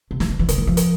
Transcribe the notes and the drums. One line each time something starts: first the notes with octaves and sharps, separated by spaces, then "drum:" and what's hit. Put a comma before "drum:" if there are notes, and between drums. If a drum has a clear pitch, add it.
C3
E3, drum: snare
D3
E3
D3, drum: hi-hat
E3
F3
drum: hi-hat